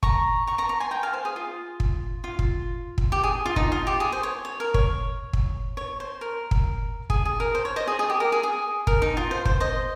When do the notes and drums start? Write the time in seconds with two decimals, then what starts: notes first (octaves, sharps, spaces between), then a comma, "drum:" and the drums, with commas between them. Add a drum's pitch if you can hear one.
0.03 A#5 C#6, drum: kick
0.47 A#5 C#6
0.58 A#5 C#6
0.69 A#5 C#6
0.80 G#5 C6
0.91 G5 A#5
1.03 F5 G#5
1.13 C5
1.25 G#4
1.36 F4
1.80 drum: kick
2.24 F4
2.39 drum: kick
2.98 drum: kick
3.12 G4
3.24 G#4
3.46 F4
3.56 D#4, drum: kick
3.72 F4
3.87 G4
4.00 G#4
4.12 C5
4.23 C#5
4.45 C#5
4.60 A#4
4.74 C#5, drum: kick
5.33 drum: kick
5.77 C#5
6.00 C5
6.21 A#4
6.51 drum: kick
7.10 G#4, drum: kick
7.25 G#4
7.40 A#4
7.55 C5
7.65 C#5
7.76 C5 D#5
7.87 G#4
7.99 G#4
8.10 G4
8.20 A#4
8.32 G#4
8.43 G#4
8.87 A#4, drum: kick
9.02 D#4
9.17 F4
9.31 C5
9.45 C5, drum: kick
9.60 C5 D#5